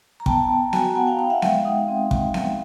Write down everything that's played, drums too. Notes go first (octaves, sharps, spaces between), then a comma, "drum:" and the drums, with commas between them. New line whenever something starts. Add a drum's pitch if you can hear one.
A#5
B3 G5 A5, drum: kick
B3
F#4 G#5 A#5, drum: snare B3
B3 F#5 G#5
F5 G5
D#4 F5 G5
E5 F#5
G#3, drum: snare B3
D#4
C4
drum: kick
drum: snare B3